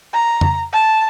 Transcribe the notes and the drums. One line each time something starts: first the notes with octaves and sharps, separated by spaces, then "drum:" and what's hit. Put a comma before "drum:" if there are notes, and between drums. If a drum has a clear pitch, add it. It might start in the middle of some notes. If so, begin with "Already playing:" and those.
A#5
drum: tom F2
A5